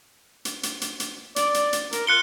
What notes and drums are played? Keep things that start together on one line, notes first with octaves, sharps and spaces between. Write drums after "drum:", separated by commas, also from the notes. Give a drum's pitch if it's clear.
drum: hi-hat
drum: hi-hat
drum: hi-hat
drum: hi-hat
D5, drum: hi-hat
drum: hi-hat
drum: hi-hat
A#4, drum: hi-hat
F4 F#6 C#7 G7